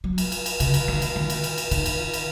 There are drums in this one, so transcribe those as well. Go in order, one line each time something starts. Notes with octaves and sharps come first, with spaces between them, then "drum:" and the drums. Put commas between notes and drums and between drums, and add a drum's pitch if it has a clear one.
F#3
drum: cymbal
drum: cymbal
drum: cymbal
C#3, drum: cymbal
drum: cymbal
D#3
drum: cymbal
D#3
drum: cymbal
drum: cymbal
drum: cymbal
D#3, drum: cymbal
drum: cymbal
drum: cymbal